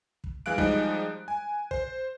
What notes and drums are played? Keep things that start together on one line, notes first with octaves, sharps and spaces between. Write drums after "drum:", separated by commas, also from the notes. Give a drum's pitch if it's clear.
drum: kick
E3 G#3 F5 F#6 D7
F3 G3 G#3 D#4, drum: kick
G#5
C5, drum: kick